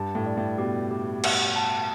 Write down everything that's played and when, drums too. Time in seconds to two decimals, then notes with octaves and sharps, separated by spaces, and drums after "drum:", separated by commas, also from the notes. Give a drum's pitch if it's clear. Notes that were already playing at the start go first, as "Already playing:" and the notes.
Already playing: G2 A5
0.15 A2
0.26 D5
0.37 A2
0.58 B2 G4
0.91 G4
1.24 F#5, drum: cymbal
1.56 A5